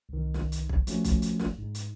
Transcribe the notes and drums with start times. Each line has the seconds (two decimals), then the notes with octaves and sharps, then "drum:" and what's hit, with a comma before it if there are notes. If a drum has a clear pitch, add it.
0.09 C2 D#3
0.34 drum: snare
0.52 drum: hi-hat
0.69 drum: kick
0.87 F3 A3 C#4 F#4, drum: hi-hat
1.04 drum: kick, hi-hat
1.22 drum: hi-hat
1.40 drum: snare
1.58 G#2
1.75 drum: hi-hat